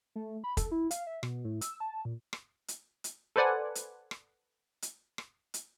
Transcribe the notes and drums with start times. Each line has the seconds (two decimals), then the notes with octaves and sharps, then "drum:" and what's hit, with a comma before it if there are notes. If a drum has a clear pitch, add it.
0.16 A3
0.44 B5
0.57 A4, drum: kick, hi-hat
0.71 E4
0.91 F5, drum: hi-hat
1.07 E5
1.23 B2, drum: rim click
1.44 A2
1.61 E6, drum: hi-hat
1.80 A5
2.05 A#2
2.33 drum: rim click
2.68 drum: hi-hat
3.04 drum: hi-hat
3.36 A4 B4 C5 D5 F#5 G#5
3.75 drum: hi-hat
4.11 drum: rim click
4.82 drum: hi-hat
5.18 drum: rim click
5.54 drum: hi-hat